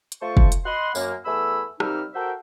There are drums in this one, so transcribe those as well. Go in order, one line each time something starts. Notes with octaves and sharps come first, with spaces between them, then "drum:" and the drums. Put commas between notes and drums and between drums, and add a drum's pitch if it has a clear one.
drum: hi-hat
A3 F4 C5 A5 C#6
drum: kick
drum: hi-hat
D#5 F#5 B5 C6
F#2 A#3, drum: tambourine
E2 A3 G#5 B5 E6
C3 G3 A#3 D#4 E6 F6, drum: rim click
F#4 A4 A#4 C5 E5 G5